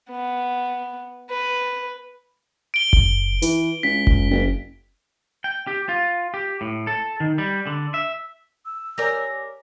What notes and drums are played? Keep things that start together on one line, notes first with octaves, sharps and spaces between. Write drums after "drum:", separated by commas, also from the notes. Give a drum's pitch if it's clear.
B3
B4
D7 G7
drum: kick F#1
E3, drum: hi-hat
C#2 B6
drum: kick F#1
F#1
G5
G4
F4
G4
A2
A4
D#3
G3
D3
E5
E6
G4 A#4 C#5 D5 G#5 A#6